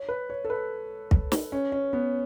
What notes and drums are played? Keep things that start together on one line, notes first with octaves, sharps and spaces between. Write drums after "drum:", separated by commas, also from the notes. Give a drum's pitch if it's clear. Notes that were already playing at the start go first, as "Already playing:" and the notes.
Already playing: C#5
B4
C#5
A4
B4
drum: kick
drum: snare
C#4
C#4
B3